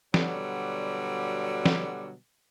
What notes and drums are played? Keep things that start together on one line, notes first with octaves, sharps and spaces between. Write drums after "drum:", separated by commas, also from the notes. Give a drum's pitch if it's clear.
B2 D3 F#3 G3, drum: snare F3
drum: snare F3